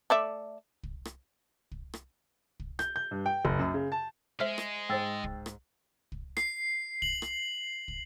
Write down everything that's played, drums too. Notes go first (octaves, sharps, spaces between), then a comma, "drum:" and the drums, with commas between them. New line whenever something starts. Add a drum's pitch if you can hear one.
A3 D5 E5
drum: kick
drum: rim click
drum: kick
drum: rim click
drum: kick
G6, drum: rim click
G6
G2
G5
F#1, drum: kick
F#2
C#3
A5
G#3 C5 E5 F6
drum: rim click
G#2 C5 G5 E6 A6
drum: kick
drum: rim click
drum: kick
C7, drum: rim click
F#7, drum: kick
drum: rim click
drum: kick